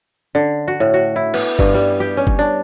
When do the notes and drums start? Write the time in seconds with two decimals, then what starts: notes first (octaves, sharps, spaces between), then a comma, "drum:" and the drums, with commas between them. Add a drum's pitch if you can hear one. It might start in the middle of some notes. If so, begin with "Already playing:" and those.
0.35 D3
0.68 F#4
0.80 A2
0.94 F#4
1.16 E4
1.34 B3, drum: cymbal
1.59 G2, drum: kick F#1
1.74 G3
2.00 G4
2.17 C#4
2.27 drum: kick F#1
2.39 D4